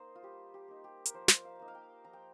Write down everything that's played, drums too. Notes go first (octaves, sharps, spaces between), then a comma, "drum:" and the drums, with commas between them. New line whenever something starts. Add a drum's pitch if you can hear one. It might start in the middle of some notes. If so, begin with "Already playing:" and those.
Already playing: A#3 D#4 C5 D#5
F4
G3 G4
G4
A#3 D#4
G4
A#4, drum: hi-hat
F3 C5
drum: snare
F5
A#3 D#4
F5
G5
F3 A#5
G5